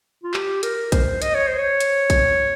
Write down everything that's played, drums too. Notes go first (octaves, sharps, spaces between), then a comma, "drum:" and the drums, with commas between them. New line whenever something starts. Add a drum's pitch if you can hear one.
F4
G4, drum: clap
A#4, drum: hi-hat
C5, drum: kick, hi-hat
D#5, drum: hi-hat
C#5
C5
C#5
drum: hi-hat
drum: kick, hi-hat